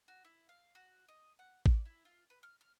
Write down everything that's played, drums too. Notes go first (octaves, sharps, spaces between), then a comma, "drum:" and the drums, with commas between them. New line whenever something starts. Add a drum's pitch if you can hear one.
F#4
E4
F5
F#4
D#5
F#5
D5, drum: kick A1
E4
F4
B4
F6
F6